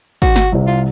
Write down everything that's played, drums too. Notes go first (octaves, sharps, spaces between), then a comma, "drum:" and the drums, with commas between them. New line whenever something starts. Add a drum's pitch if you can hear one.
F#4, drum: kick
drum: snare
C2 C3
F4